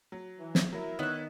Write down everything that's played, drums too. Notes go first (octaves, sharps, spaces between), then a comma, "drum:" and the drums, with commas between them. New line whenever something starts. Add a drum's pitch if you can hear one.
F#3
E3
drum: snare
F#3 E4 A#4
D#3 B3 C#5 E5 F#6